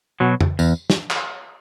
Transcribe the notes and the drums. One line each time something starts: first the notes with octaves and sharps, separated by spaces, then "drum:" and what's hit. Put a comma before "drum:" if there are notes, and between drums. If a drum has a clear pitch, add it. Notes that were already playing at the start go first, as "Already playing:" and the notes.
B2 F#3
drum: tom F2
E2, drum: tambourine
drum: snare
drum: clap